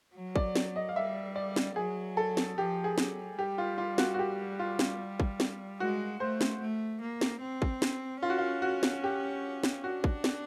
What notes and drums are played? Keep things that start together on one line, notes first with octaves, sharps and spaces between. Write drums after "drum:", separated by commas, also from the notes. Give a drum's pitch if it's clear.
F#3
D5, drum: kick
drum: snare
D#5
F5
G3 E5
D5
drum: snare
F#3 G#4
A4
drum: snare
F3 G4
G#4
F#3, drum: snare
G3 G4
F4
F4
F#4, drum: snare
F#4
G4
F4
drum: snare
drum: kick
drum: snare
G#3 F#4
A3 C5
drum: snare
A3
A#3
drum: snare
C4
drum: kick
drum: snare
C#4 F4
F#4
F4
F#4
drum: snare
G4
drum: snare
D4 F#4
drum: kick
drum: snare